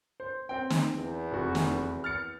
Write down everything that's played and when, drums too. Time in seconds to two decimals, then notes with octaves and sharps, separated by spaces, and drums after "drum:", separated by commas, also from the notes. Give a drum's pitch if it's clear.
0.20 C5
0.49 C4 G5
0.70 drum: snare
0.94 E2
1.31 F1 F#4
1.55 drum: snare
2.04 F6 A6 C#7